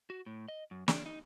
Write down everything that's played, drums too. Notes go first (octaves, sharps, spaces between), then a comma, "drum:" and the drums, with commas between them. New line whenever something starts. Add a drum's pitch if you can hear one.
F#4
A2
D#5
F#2
D4, drum: snare
D#4